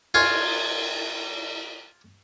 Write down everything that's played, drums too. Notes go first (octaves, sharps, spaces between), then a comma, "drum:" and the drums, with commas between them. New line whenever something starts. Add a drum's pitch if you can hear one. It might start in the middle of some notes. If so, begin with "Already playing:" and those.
F4 F5 G#5 C6 C#6, drum: cymbal